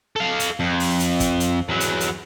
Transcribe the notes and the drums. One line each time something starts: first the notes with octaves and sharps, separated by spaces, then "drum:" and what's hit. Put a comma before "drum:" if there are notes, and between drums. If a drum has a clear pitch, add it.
A4 F5
drum: hi-hat
F2
drum: open hi-hat
drum: hi-hat
drum: kick, hi-hat
drum: hi-hat
E2 F#3
drum: hi-hat
drum: hi-hat